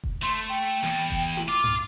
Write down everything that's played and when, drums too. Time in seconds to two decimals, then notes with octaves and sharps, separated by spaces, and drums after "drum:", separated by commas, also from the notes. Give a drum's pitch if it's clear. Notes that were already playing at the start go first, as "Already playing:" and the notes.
0.04 drum: kick F1
0.23 A3 C6
0.49 G5
0.84 E2, drum: snare
1.10 drum: kick F1
1.37 drum: tom E4
1.48 F4 D6
1.64 drum: tom G2